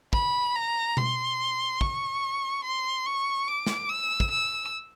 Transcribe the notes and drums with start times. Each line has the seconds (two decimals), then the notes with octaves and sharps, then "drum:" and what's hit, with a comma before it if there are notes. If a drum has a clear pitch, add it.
0.13 B5, drum: kick
0.55 A#5
0.97 C6, drum: tom B2
1.81 C#6, drum: kick
2.64 C6
3.06 C#6
3.48 D6
3.66 drum: snare
3.89 E6
4.20 drum: kick
4.31 E6